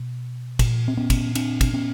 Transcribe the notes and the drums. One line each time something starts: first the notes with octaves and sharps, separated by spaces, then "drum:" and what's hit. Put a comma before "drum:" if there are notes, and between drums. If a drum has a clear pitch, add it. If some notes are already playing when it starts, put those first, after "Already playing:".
Already playing: B2
A#2, drum: kick, cymbal
C4
B3 C#4
drum: kick, cymbal
C4 D4, drum: cymbal
drum: kick, cymbal
B3 C#4